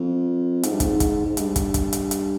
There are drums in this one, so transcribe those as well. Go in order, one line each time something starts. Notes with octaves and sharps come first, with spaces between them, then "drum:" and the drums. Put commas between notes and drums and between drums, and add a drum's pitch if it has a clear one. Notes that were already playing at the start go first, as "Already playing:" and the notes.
Already playing: F2
G#2, drum: hi-hat
G2
G#2, drum: kick, hi-hat
drum: kick, hi-hat
G#2
G2, drum: hi-hat
drum: kick, hi-hat
drum: kick, hi-hat
drum: hi-hat
drum: hi-hat